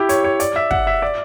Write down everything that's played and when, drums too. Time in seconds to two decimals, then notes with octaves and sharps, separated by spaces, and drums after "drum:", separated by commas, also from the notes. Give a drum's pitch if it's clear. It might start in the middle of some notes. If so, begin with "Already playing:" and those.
Already playing: E4 G4
0.09 C#5, drum: hi-hat
0.24 C#5
0.40 D5, drum: hi-hat
0.56 E5
0.71 F#5, drum: kick
0.87 E5
1.02 D5